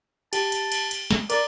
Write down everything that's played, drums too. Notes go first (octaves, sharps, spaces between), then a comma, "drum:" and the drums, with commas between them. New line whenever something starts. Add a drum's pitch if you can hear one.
G4 A5, drum: cymbal
drum: cymbal
drum: cymbal
drum: cymbal
drum: snare
A#4 D5, drum: cymbal